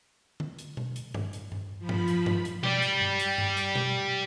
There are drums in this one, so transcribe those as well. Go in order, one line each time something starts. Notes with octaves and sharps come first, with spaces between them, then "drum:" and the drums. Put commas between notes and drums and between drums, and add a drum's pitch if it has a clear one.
drum: tom D3
drum: hi-hat
drum: tom B2
drum: hi-hat
drum: tom G2
drum: hi-hat
drum: tom G2
F3 B5
drum: tom G2
drum: hi-hat
drum: tom G2
drum: hi-hat
G4 D5, drum: tom B2
drum: hi-hat
drum: tom G2
drum: hi-hat
drum: tom G2
drum: hi-hat
drum: tom B2